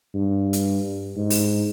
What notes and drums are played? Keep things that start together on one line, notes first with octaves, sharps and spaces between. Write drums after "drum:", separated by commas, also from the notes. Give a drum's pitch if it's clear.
G2
drum: hi-hat
G#2
drum: open hi-hat